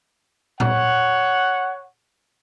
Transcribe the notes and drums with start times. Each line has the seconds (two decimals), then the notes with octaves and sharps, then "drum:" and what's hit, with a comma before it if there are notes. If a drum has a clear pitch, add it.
0.60 C#5 F#5, drum: tom A#2